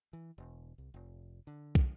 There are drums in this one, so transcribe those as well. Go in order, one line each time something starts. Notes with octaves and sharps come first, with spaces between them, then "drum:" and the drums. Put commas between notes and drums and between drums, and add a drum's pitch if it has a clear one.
E3
E1
C2
F1
D3
drum: kick